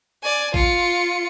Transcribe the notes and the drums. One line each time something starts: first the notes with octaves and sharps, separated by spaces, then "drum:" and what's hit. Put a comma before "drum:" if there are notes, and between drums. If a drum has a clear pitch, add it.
D5 G#5
F4 C#7, drum: kick